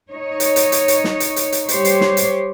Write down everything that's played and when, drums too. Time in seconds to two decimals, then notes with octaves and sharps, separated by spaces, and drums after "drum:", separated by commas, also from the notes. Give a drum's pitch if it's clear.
0.11 D#4 C#5
0.40 drum: hi-hat
0.56 drum: hi-hat
0.72 drum: hi-hat
0.88 drum: hi-hat
1.04 drum: snare
1.20 drum: hi-hat
1.36 drum: hi-hat
1.52 drum: hi-hat
1.69 G3 G4 C5 C#5, drum: hi-hat
1.85 drum: hi-hat
2.01 drum: snare
2.17 drum: hi-hat